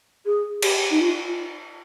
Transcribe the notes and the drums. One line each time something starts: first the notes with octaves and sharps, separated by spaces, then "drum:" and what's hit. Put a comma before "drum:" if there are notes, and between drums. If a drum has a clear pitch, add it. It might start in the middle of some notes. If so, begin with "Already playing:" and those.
G#4
G4, drum: cymbal
D#4
F4